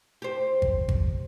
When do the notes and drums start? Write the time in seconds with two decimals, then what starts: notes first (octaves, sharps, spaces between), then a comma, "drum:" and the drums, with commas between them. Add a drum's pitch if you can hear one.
0.22 G4 C5
0.62 drum: kick G#1
0.89 drum: kick G#1